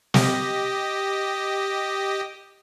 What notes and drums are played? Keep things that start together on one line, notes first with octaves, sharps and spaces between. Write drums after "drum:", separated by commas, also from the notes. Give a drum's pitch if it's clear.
G4 D#5, drum: snare